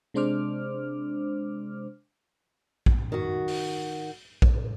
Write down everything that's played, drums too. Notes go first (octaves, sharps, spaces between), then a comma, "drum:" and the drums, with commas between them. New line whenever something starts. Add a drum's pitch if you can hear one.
C3 G#3 D4 C5 D6 F6
drum: kick A#1
D#3 F#4
drum: open hi-hat
drum: kick A#1